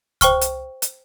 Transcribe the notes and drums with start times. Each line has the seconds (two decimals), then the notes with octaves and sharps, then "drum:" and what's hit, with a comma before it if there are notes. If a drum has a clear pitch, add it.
0.21 C5 G5 C#6 F6, drum: kick C#2, hi-hat
0.41 drum: hi-hat
0.82 drum: hi-hat